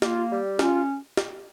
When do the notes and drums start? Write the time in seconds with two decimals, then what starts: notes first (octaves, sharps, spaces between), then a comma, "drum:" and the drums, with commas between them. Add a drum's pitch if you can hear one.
0.02 A#3 F4, drum: snare
0.31 G3
0.59 C#4 F4, drum: snare
1.17 drum: snare